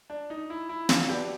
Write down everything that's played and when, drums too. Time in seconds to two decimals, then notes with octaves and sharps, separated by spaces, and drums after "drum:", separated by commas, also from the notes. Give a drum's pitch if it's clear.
0.10 D4
0.30 D#4
0.50 E4
0.69 E4
0.89 F4, drum: snare
1.09 B3 D4 F#4 G4 B4 D5